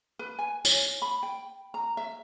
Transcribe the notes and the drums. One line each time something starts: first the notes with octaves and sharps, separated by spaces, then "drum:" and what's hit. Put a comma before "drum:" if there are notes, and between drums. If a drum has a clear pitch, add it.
B4
G#5
C#5, drum: tambourine
B5
G5
A#5
E5